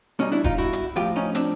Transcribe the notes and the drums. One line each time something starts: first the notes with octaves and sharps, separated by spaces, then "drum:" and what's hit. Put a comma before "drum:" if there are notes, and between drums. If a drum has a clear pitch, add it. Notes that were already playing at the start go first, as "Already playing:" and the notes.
B2 G3 C#4 D#4
D4 E4
D#4 F4, drum: kick E1
E4 F#4
drum: hi-hat
A2 F3 F4 G4
C#4 D#4
C4 D4, drum: hi-hat